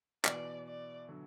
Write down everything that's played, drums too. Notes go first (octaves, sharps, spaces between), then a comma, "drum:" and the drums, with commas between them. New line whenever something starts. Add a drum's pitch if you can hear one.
B2 E3 D5, drum: clap
D5
D3 F#3